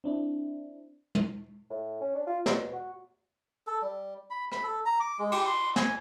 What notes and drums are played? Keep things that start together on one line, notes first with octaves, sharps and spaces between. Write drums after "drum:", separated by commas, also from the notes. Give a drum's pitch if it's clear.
C4 D4 E4
drum: tom
A2
C#4
D4
F4
B2, drum: snare
F#4
A4
G3
B5
B5, drum: rim click
A4
A#5
D6
G#3
G4, drum: cymbal
C6
G#5, drum: snare